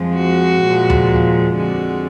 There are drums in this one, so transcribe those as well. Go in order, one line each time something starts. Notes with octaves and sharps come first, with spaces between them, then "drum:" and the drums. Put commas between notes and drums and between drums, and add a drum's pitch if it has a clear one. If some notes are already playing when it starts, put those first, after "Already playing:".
Already playing: F2 F3 G#3
F#4
A#2 F3 G#3
drum: tom D#2
F2 D3 G#3 F#4